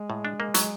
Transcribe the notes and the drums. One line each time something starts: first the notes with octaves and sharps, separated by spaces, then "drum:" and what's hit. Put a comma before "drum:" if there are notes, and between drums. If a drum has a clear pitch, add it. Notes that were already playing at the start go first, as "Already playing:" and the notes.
Already playing: G#3
A2
D4
A#3
F#3, drum: hi-hat